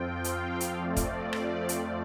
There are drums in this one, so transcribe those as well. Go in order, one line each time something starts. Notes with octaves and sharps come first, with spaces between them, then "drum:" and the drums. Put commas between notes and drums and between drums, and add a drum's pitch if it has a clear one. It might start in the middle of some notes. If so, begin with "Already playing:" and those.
Already playing: F2 F3 C4 F4 G5
F5, drum: hi-hat
drum: hi-hat
F2 F3 A3 C4 F4 D5
drum: kick, hi-hat
drum: rim click
drum: hi-hat